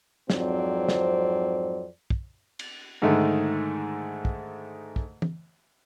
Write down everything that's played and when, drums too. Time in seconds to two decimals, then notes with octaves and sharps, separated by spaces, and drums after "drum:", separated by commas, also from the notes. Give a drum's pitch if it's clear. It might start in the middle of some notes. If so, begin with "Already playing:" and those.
0.30 F2 G#2 F#3 C4 C5 D5, drum: snare
0.88 drum: snare
2.10 drum: kick
2.59 drum: cymbal
3.02 G#2 D3 D#3 G#3 A3
4.25 drum: kick
4.96 drum: kick
5.22 drum: tom